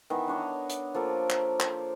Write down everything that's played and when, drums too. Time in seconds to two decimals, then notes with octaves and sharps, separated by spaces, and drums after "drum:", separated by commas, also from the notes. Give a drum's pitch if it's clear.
0.10 D#3 E3 B3 E5
0.28 D4 C#5 D#5
0.70 drum: hi-hat
0.94 F3 A#3 A4 A#4
1.30 drum: clap
1.60 C5, drum: clap